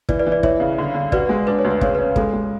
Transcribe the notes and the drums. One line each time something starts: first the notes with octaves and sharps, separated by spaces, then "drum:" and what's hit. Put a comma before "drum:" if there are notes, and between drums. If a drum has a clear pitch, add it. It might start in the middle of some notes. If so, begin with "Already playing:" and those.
E3 B4 D5, drum: kick
B4 D5
E3
B4 D5
E3 C#5 E5, drum: kick
C#3
D3
D3
F#4 B4 D5, drum: kick
G#3
D4 B4
C#5
D2
B4
C#3 C#5, drum: kick
C#4 B4
G#3 A4, drum: kick
G#3